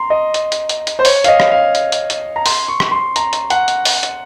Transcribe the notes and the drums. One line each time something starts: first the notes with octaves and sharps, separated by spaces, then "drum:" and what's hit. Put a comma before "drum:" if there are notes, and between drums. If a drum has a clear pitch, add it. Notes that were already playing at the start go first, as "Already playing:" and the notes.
Already playing: A#5 C6
D#5
drum: hi-hat
drum: hi-hat
drum: hi-hat
drum: hi-hat
C5
C#5, drum: open hi-hat
F5, drum: hi-hat
D#5
drum: rim click
F5
drum: hi-hat
drum: hi-hat
drum: hi-hat
A#5
C6, drum: open hi-hat
C#6
drum: rim click
C6
A#5, drum: hi-hat
drum: hi-hat
F#5, drum: hi-hat
drum: hi-hat
drum: open hi-hat
drum: hi-hat